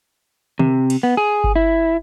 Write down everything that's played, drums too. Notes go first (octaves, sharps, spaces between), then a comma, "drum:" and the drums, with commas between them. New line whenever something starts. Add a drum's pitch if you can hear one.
C3, drum: tom D3
drum: cymbal
B3
G#4
drum: kick G1
E4